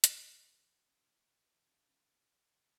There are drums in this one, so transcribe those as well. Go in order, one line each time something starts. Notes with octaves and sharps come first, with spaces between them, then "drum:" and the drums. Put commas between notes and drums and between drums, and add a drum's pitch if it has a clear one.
C#3 G5, drum: hi-hat
C#3
F3
F3
C#3
E3
C#2
E3
G2 F5
D3
G2
G2
D2